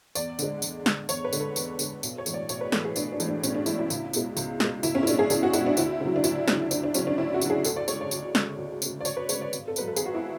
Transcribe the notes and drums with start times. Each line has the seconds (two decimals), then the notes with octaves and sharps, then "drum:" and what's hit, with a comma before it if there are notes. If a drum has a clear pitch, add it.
0.15 E2 D5, drum: tambourine
0.39 D3 G#3, drum: tambourine
0.62 E2, drum: tambourine
0.86 D3 G#3, drum: snare
1.09 E2 C#5, drum: tambourine
1.25 B4
1.33 D3 G#3, drum: tambourine
1.40 A4
1.56 E2, drum: tambourine
1.79 D3 G#3, drum: tambourine
2.03 B1, drum: tambourine
2.18 C#5
2.26 A2 E3 G#3, drum: tambourine
2.34 D5
2.49 B1 C#5, drum: tambourine
2.61 B4
2.72 A2 E3 G#3 A4, drum: snare
2.85 G#4
2.96 B1 D4, drum: tambourine
3.12 D4
3.20 A2 E3 G#3, drum: tambourine
3.28 D4
3.44 B1 C#4, drum: tambourine
3.55 D4
3.66 A2 E3 G#3 E4, drum: tambourine
3.79 E4
3.90 C#2, drum: tambourine
4.13 B2 G#3, drum: tambourine
4.37 C#2, drum: tambourine
4.60 B2 G#3, drum: snare
4.83 C#2 E4, drum: tambourine
4.95 C#4
5.03 E4
5.07 B2 G#3 D4, drum: tambourine
5.19 G#4
5.30 C#2 G#4, drum: tambourine
5.43 F#4
5.53 G#3 E4, drum: tambourine
5.59 B2
5.66 D4
5.77 D2 E4, drum: tambourine
6.00 C#3
6.06 F#3
6.16 D4
6.24 D2 E4, drum: tambourine
6.48 C#3 F#3 D4, drum: snare
6.71 D2 D4, drum: tambourine
6.84 D4
6.94 C#3 F#3 C#4, drum: tambourine
7.07 D4
7.18 D2 E4
7.34 F#4
7.41 C#3 F#3, drum: tambourine
7.50 G#4
7.65 D2 A4, drum: tambourine
7.76 D5
7.88 C#3 G#3 C#5, drum: tambourine
8.01 D5
8.11 D2, drum: tambourine
8.35 C#3 G#3, drum: snare
8.58 D2
8.82 C#3 G#3, drum: tambourine
9.01 D5
9.05 D2 C#5, drum: tambourine
9.17 B4
9.29 C#3 G#3 C#5, drum: tambourine
9.41 D5
9.53 G#1, drum: tambourine
9.68 A4
9.76 G#2 F#3 B4, drum: tambourine
9.88 A4
9.96 G#1 G#4, drum: tambourine
10.06 F#4
10.14 E4